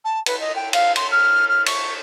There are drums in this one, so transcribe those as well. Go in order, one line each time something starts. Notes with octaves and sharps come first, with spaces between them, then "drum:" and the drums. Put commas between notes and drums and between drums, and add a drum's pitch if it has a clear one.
A5
B4, drum: cymbal
D#5
G5
F5, drum: cymbal
C6, drum: cymbal
F6
F6
C#6, drum: cymbal